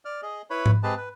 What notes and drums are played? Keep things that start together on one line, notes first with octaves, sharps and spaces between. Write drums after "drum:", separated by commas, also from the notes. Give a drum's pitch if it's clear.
D5 F6
G#4 D#5
E4 B4 C#5 B5
drum: tom G#2
G#3 C4 G4 G#4 B4 A5
B4